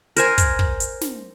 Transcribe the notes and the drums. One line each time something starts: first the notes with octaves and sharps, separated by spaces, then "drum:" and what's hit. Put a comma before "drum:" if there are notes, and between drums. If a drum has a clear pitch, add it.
A#4 C5 G#5, drum: hi-hat
drum: kick, hi-hat
drum: kick
drum: hi-hat
drum: snare